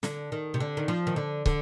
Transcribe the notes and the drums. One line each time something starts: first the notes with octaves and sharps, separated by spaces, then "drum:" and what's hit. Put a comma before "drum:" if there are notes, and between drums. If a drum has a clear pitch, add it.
D3, drum: snare
D#3
C3
D3
D#3
F3
D#3
D3
D3, drum: kick